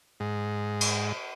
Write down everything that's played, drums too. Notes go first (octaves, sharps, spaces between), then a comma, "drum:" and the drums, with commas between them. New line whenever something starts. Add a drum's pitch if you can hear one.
G#2
drum: cymbal